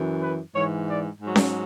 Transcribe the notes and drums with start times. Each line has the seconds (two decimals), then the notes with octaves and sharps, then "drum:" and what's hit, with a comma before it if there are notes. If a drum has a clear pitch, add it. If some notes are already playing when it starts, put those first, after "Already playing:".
Already playing: F#2 E3
0.21 B4
0.54 G#2 E3 C#5
0.88 D5
1.21 G#2 F#3
1.36 drum: snare C#4